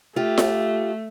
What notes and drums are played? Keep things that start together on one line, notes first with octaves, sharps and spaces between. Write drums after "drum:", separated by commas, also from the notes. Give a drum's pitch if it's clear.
A3 F4 G4
drum: snare F4